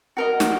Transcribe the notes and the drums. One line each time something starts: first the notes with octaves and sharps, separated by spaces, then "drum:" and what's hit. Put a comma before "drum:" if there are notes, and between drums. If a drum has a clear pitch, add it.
F#4 A#4 D#5
drum: snare